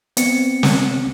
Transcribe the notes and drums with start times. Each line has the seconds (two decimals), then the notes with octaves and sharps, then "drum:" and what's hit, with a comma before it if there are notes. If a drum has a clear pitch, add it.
0.17 B3 C4 C#7, drum: hi-hat
0.63 drum: snare